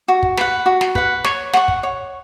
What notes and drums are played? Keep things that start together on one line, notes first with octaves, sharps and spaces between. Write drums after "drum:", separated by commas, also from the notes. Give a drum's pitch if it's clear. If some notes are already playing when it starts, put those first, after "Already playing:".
F#4
drum: kick
B4 F#5, drum: snare
F#4
drum: snare
B4 F#5, drum: kick
C#5, drum: snare
F#5 C#6, drum: snare
drum: kick
C#5